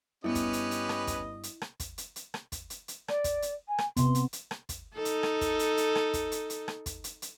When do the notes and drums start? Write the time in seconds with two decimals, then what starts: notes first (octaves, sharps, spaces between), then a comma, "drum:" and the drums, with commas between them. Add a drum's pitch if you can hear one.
0.24 G2 B3 C#4 E4 G4 B4 D#5
0.35 drum: kick, hi-hat
0.53 drum: hi-hat
0.71 drum: hi-hat
0.89 drum: rim click
1.07 drum: kick, hi-hat
1.43 drum: hi-hat
1.62 drum: rim click
1.80 drum: kick, hi-hat
1.98 drum: hi-hat
2.16 drum: hi-hat
2.34 drum: rim click
2.52 drum: kick, hi-hat
2.70 drum: hi-hat
2.88 drum: hi-hat
3.08 D5, drum: rim click
3.24 drum: kick, hi-hat
3.42 drum: hi-hat
3.68 G#5
3.78 drum: rim click
3.97 C3 B3 C6, drum: kick, hi-hat
4.15 drum: hi-hat
4.33 drum: hi-hat
4.51 drum: rim click
4.69 drum: kick, hi-hat
4.94 D#4 A4
5.05 drum: hi-hat
5.23 drum: rim click
5.41 drum: kick, hi-hat
5.59 drum: hi-hat
5.77 drum: hi-hat
5.95 drum: rim click
6.14 drum: kick, hi-hat
6.32 drum: hi-hat
6.50 drum: hi-hat
6.68 drum: rim click
6.86 drum: kick, hi-hat
7.04 drum: hi-hat
7.22 drum: hi-hat